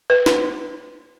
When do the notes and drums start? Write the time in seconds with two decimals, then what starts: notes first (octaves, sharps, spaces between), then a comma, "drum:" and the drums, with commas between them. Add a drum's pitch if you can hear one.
0.10 B4
0.26 drum: snare